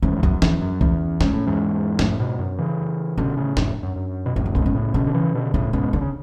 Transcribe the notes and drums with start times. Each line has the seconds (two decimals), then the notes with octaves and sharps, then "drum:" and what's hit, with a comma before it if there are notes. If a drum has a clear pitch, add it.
0.02 E2 G#2 C#4
0.16 E2
0.23 F#2 B3, drum: kick B1
0.42 E2 C#4, drum: snare
0.62 F#2
0.81 E2 C#4, drum: kick B1
1.21 G#2 C#4, drum: snare
1.33 A2
1.47 E2 G#2
1.99 F#2 A2 D4, drum: snare
2.20 G#2 B2
2.39 F#2
2.58 C#3 E3
3.18 B2 D3 C#4
3.37 A2 C#3
3.57 F#2 A2 D4, drum: snare
3.83 F#2
3.96 F#2
4.26 B2
4.36 F#2 A2 C#4
4.46 D4
4.55 G#2 B2 C#4, drum: kick B1
4.66 C#4
4.75 A2 C#3
4.94 B2 D3 C#4
5.07 D3
5.14 C#3 E3
5.35 B2 D3
5.54 A2 C#3 D4
5.73 G#2 B2 C#4
5.93 D3 D4
6.01 C#3